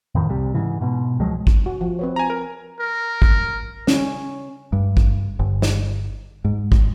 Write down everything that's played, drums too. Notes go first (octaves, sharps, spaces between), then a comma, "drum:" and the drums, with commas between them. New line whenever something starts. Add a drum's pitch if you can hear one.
F2 A2 D#3
C2 C3 G3
G#2 C#3 E3
G#2 B2
C#2 F3 F#3 G#3
drum: kick
F#4
F3
C4 B4 C#5
G#5 A#5
A#4
A#4
drum: kick
C#4, drum: snare
G2
drum: kick
G1
drum: snare
G#2
drum: kick